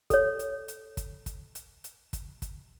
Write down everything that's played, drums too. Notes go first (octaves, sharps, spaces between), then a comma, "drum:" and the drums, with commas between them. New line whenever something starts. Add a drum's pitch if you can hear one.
A4 C#5, drum: kick, hi-hat
drum: hi-hat
drum: hi-hat
drum: kick, hi-hat
drum: kick, hi-hat
drum: hi-hat
drum: hi-hat
drum: kick, hi-hat
drum: kick, hi-hat